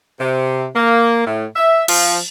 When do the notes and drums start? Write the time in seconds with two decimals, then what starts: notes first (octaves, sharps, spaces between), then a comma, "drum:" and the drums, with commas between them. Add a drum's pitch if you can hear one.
0.20 C3
0.75 A#3
1.26 A2
1.56 E5
1.88 F3, drum: cymbal